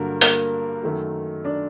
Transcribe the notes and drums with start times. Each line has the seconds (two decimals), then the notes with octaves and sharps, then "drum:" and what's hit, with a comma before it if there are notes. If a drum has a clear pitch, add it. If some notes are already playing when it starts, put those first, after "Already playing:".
Already playing: G2 D3 F#3 A#3 A#4
0.21 A#3 A#4, drum: open hi-hat
0.84 F#2 D#3 A3
1.45 D4 D5